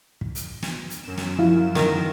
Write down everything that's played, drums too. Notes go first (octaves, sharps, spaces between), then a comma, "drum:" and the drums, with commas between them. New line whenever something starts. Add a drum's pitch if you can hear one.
drum: kick
drum: hi-hat
drum: snare
drum: hi-hat
F#2 E7
drum: snare
F3 E4 F5
D#3 A#4, drum: snare